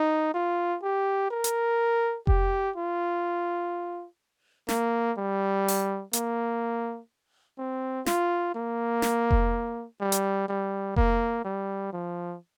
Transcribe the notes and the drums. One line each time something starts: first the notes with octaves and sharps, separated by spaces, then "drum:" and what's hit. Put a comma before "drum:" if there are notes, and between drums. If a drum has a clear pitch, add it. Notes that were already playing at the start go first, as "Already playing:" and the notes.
Already playing: D#4
F4
G4
A#4
drum: hi-hat
G4, drum: kick F1
F4
A#3, drum: snare
G3
drum: open hi-hat
A#3, drum: hi-hat
C4
F4, drum: snare
A#3
drum: snare
drum: kick F1
G3
drum: hi-hat
G3
A#3, drum: kick F1
G3
F3